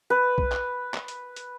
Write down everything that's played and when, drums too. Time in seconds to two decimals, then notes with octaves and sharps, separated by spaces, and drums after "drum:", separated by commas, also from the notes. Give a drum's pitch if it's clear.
0.10 B4
0.38 drum: kick B1
0.52 drum: clap
0.94 drum: clap
1.08 drum: hi-hat
1.36 drum: hi-hat